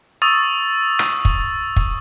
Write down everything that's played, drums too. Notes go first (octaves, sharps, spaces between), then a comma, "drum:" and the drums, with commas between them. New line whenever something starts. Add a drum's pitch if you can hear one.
C#6 D#6 E6 A6
drum: rim click
drum: kick
drum: kick